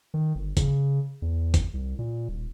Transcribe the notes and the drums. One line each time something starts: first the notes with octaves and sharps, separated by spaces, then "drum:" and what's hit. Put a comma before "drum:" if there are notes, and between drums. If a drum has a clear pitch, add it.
D#3
G1
C#3, drum: kick, hi-hat
E2
drum: kick, hi-hat
C2
A#2
D#1